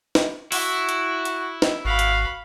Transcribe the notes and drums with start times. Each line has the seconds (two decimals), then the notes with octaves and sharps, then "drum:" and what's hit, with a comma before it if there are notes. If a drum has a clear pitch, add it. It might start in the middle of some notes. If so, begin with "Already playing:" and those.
0.15 drum: snare
0.52 E4 F#4, drum: open hi-hat
0.89 drum: hi-hat
1.25 drum: hi-hat
1.62 drum: snare
1.85 G#1 F#4 F5 B5
1.99 drum: hi-hat